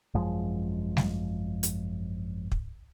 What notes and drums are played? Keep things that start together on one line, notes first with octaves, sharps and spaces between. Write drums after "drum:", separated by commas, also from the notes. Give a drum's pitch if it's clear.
G#1 F#2 F3 G#3
drum: snare
drum: hi-hat
drum: kick